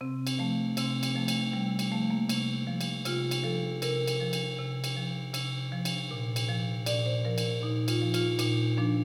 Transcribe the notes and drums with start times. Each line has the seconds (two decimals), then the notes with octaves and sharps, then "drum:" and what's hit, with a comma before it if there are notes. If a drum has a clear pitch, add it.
0.01 C3 C4
0.27 drum: cymbal
0.39 F3 A3
0.77 C3 C4, drum: cymbal
1.03 drum: cymbal
1.15 F3 A3
1.28 drum: cymbal
1.53 C3 G3
1.79 drum: cymbal
1.92 F3 A3
2.10 A#3
2.29 C3, drum: cymbal
2.67 F3
2.81 drum: cymbal
3.05 C3 F4, drum: cymbal
3.31 drum: cymbal
3.43 F3 A4
3.82 C3 A#4, drum: cymbal
4.08 drum: cymbal
4.20 F3
4.33 drum: cymbal
4.58 C3
4.84 drum: cymbal
4.96 F3
5.34 C3, drum: cymbal
5.72 F3
5.85 drum: cymbal
6.11 A#2
6.36 drum: cymbal
6.49 F3
6.86 A#2 D5, drum: cymbal
7.06 C5
7.25 F3 A#4
7.38 drum: cymbal
7.63 A#2 D#4
7.88 F4, drum: cymbal
8.02 F3
8.14 F4, drum: cymbal
8.39 A#2 D#4, drum: cymbal
8.77 F3 D4